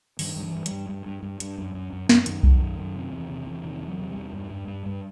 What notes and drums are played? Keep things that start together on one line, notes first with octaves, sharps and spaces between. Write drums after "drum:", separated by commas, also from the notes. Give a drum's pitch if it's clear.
G2 D#3, drum: open hi-hat
G2
E3
G2
G3, drum: hi-hat
G2
G2
G2
G2
G2, drum: hi-hat
F#2
F#2
F#2
F#2, drum: snare
F#2 D#3, drum: hi-hat
F#2, drum: kick B1
F#2
F#2
C3
E2
C3
E2
C3 D#3
E2
F#3
C3
G3
E2
G2
G2
G2
G2